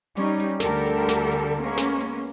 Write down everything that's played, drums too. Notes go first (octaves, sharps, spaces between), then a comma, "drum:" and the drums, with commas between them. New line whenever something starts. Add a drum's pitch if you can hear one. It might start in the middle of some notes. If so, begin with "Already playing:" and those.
G3 C#4 D#4, drum: hi-hat
drum: hi-hat
D2 D3 G3 G4 A4 A#4, drum: snare
drum: hi-hat
drum: snare
drum: hi-hat
G#3 A#3 B3 C#4
drum: snare
drum: hi-hat